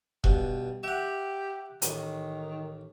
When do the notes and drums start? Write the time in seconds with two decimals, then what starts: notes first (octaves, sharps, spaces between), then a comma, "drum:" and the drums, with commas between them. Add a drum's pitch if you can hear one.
0.24 G2 B2, drum: kick E1
0.84 G4 E5 F#5
1.82 A1 D#3, drum: hi-hat